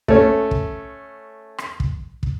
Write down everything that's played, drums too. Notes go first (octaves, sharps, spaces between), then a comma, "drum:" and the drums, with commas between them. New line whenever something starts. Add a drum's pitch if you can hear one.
A3 C#4, drum: kick
drum: kick
drum: rim click
drum: kick
drum: kick